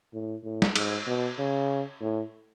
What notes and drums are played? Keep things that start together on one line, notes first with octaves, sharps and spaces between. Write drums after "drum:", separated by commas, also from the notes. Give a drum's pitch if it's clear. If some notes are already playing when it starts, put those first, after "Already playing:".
A2
A2
drum: snare
G#2, drum: cymbal
B2
C#3
A2